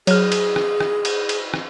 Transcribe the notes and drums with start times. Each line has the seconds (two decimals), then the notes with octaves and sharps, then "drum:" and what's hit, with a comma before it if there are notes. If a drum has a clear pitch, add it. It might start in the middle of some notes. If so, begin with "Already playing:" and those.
0.07 F#3 G#4 F6, drum: cymbal
0.32 drum: cymbal
0.56 drum: rim click
0.80 drum: rim click
1.05 drum: cymbal
1.29 drum: cymbal
1.54 drum: rim click